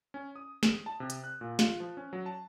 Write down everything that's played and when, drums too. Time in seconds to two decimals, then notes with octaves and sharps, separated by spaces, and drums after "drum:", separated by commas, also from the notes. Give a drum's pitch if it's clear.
0.14 C#4
0.36 D#6
0.63 drum: snare
0.86 A5
1.00 C3
1.10 drum: hi-hat
1.24 F#6
1.41 A#2
1.59 F4, drum: snare
1.80 F3
1.97 C#4
2.13 F#3
2.26 A5